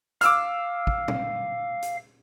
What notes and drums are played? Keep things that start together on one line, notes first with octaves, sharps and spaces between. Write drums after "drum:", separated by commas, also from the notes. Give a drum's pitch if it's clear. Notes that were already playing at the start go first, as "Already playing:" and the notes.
F5 D6 E6 F6, drum: hi-hat
drum: kick
drum: tom
drum: hi-hat